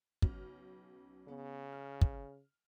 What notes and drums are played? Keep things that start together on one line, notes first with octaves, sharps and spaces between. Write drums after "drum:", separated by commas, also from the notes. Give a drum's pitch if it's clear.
B1 C#3 F6, drum: kick
C#3 B3
F6
drum: kick